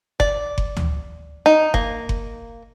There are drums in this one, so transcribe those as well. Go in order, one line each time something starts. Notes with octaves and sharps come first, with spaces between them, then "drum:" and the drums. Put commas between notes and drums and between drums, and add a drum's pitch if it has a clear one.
D5, drum: kick F#1
drum: kick F#1
drum: tom D2
D#4
A#3, drum: kick F#1
drum: kick F#1